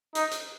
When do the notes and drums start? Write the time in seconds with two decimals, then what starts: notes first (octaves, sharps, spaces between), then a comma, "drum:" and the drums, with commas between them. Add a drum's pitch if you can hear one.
0.15 D#4, drum: hi-hat
0.31 drum: hi-hat